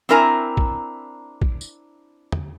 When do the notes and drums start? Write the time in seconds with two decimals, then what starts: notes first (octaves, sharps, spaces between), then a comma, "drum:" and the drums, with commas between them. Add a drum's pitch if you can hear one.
0.09 C4 D4 E4 A#4 G#5 A#5
0.57 drum: kick
1.42 drum: kick
1.61 drum: tambourine
2.32 drum: tom